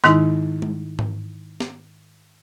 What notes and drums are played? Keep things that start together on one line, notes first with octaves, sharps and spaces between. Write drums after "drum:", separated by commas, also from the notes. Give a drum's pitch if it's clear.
G#2 D#3 G#3 D#4 E4, drum: snare
drum: tom G#3
drum: tom G#2
drum: snare